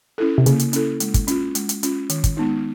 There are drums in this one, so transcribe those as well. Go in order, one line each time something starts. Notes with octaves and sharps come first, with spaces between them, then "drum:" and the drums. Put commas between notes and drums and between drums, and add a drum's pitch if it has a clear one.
C#4 E4 A4
C3
C#3 A#3, drum: hi-hat
drum: hi-hat
C#4 E4 A4, drum: hi-hat
G#3, drum: hi-hat
drum: kick, hi-hat
C#4 F4, drum: hi-hat
G#3, drum: hi-hat
drum: hi-hat
C#4 F4, drum: hi-hat
D#3, drum: hi-hat
drum: kick, hi-hat
G#3 B3 D#4